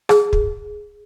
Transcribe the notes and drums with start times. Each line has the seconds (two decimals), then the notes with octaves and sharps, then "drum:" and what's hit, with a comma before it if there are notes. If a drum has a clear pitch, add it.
0.09 G#4, drum: rim click
0.33 drum: kick